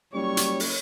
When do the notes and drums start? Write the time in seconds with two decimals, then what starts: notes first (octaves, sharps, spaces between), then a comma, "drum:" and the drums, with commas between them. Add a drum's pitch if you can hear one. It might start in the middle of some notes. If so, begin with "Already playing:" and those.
0.14 F#1 G3 C#5 C#6
0.37 drum: hi-hat
0.60 drum: open hi-hat